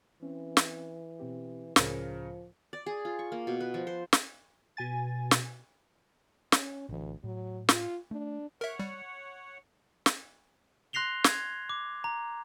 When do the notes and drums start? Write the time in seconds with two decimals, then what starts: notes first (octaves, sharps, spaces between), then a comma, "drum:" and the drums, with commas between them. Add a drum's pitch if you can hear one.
0.22 E3 C4 C#4
0.57 drum: snare
1.19 B2 C4 G4
1.76 C#2 A2 C#3 F3 A#4 C#7, drum: snare
2.73 D5
2.86 G#4
3.05 F4
3.19 C#6
3.32 A#3
3.47 B2
3.60 B4
3.74 F3
3.87 C5
4.13 drum: snare
4.77 B2 G#5 A6
5.31 drum: snare
6.52 C#4, drum: snare
6.89 A1 D2 E3
7.24 A2 F#3
7.69 F4, drum: snare
8.11 A3 D4
8.61 A#4 C#5 E5 F#5
8.80 G3
10.06 drum: snare
10.93 C6 F#6 A#6 C7 F7 G7
11.24 G#6, drum: snare
11.69 D6
12.04 A#5